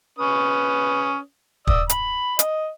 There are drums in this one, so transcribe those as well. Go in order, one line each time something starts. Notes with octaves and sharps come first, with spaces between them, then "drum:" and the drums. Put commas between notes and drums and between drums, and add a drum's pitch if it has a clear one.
C#4 B4 D#6
D5 D#6 E6, drum: kick
B5, drum: hi-hat
D#5, drum: hi-hat